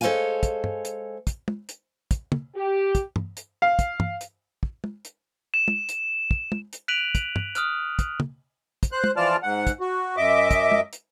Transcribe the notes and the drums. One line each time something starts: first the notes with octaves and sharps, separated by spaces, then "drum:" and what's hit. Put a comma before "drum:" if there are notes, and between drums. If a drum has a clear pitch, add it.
G#3 A4 C5 C#5 F5 G#5
drum: kick, hi-hat
drum: tom
drum: hi-hat
drum: kick, hi-hat
drum: tom
drum: hi-hat
drum: kick, hi-hat
drum: tom
G4
drum: kick, hi-hat
drum: tom
drum: hi-hat
F5
drum: kick, hi-hat
drum: tom
drum: hi-hat
drum: kick
drum: tom
drum: hi-hat
E7
drum: tom
drum: hi-hat
drum: kick
drum: tom
drum: hi-hat
F#6 B6 D7 D#7 F7 F#7
drum: kick, hi-hat
drum: tom
D#6 F6 F#6, drum: hi-hat
drum: kick, hi-hat
drum: tom
drum: kick, hi-hat
C5 F#6
drum: tom
E3 F3 F4 D5 A5 F6
G#2 F#5
drum: kick, hi-hat
F#4
F#2 D#5 E5 D6
drum: kick, hi-hat
drum: tom
drum: hi-hat